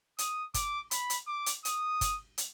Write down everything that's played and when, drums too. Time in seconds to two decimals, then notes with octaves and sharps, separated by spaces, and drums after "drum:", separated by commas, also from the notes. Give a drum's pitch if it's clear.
0.18 D#6, drum: hi-hat
0.54 D6, drum: kick, hi-hat
0.91 B5, drum: hi-hat
1.10 drum: hi-hat
1.27 D6
1.46 drum: hi-hat
1.65 D#6, drum: hi-hat
2.01 drum: kick, hi-hat
2.38 drum: hi-hat